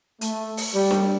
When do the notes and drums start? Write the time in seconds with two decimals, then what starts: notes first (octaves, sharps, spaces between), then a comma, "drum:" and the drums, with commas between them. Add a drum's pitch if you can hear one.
0.21 A3, drum: hi-hat
0.57 drum: open hi-hat
0.74 G3
0.91 drum: snare D4